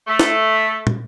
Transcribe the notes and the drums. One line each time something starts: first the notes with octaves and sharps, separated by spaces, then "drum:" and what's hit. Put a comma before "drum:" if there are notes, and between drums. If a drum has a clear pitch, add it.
A3
drum: snare E4
drum: tom